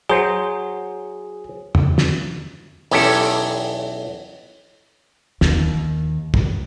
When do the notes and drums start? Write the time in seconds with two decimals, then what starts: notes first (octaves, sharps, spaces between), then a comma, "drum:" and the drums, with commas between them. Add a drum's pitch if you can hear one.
0.09 F#3 G#4 C5
1.75 drum: tom
1.98 drum: snare
2.91 B1 E2 C#4 G4 A4, drum: open hi-hat
5.41 D#2, drum: snare
6.34 drum: kick